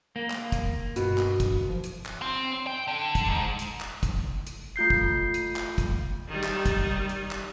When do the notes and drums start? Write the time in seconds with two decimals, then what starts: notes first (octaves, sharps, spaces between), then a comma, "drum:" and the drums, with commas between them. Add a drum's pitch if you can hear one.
0.16 A#3
0.30 drum: clap
0.52 drum: kick, hi-hat
0.96 G2 B2, drum: hi-hat
1.18 drum: clap
1.40 drum: kick, hi-hat
1.69 F3
1.84 drum: hi-hat
2.06 drum: clap
2.22 C4
2.67 G5
2.87 D3
3.15 drum: kick, hi-hat
3.30 G#2
3.59 drum: hi-hat
3.81 drum: clap
4.03 drum: kick, hi-hat
4.47 drum: hi-hat
4.76 A3 F4 G6 C7
4.90 drum: kick
5.34 drum: hi-hat
5.56 drum: clap
5.78 drum: kick, hi-hat
6.28 D#3 G3
6.44 drum: clap
6.66 drum: kick, hi-hat
7.09 drum: hi-hat
7.31 drum: clap